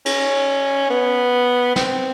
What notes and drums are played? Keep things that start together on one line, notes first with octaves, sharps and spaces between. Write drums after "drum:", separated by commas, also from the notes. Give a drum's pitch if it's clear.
C#4, drum: cymbal
B3
C4, drum: snare